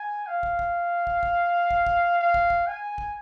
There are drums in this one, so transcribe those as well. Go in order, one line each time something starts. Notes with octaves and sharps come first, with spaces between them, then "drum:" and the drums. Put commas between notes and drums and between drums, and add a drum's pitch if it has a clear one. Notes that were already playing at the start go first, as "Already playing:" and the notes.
Already playing: G#5
F5
drum: kick
drum: kick
drum: kick
drum: kick
drum: kick
drum: kick
F5
drum: kick
drum: kick
G#5
drum: kick